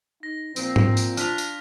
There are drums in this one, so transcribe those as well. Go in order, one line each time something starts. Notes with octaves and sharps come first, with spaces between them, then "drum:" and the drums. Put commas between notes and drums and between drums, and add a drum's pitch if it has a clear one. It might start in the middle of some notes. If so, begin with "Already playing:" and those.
D#4 A#6
A#2 F3 C4, drum: tambourine
drum: tom G#2
drum: tambourine
D4 F4 F6 B6 F7, drum: tambourine
drum: tambourine